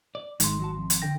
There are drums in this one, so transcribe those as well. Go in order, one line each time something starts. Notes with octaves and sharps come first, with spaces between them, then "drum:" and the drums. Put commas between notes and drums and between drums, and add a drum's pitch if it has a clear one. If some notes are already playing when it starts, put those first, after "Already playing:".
D5
G#1 G#3 D#4 C6, drum: hi-hat
F#3 F#4 A5
F2
drum: hi-hat
D3 G5 A#6